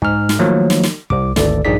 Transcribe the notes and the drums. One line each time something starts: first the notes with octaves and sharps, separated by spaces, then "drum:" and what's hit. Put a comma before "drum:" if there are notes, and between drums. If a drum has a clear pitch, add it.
G#2 F6, drum: kick
drum: snare
D#3 F3 F#3 A3 A#3 C#5
drum: snare
drum: snare
C2 D6, drum: kick
G#1 D2 A4 D5, drum: snare
A#1 G2 D#4 G#4 D5 B6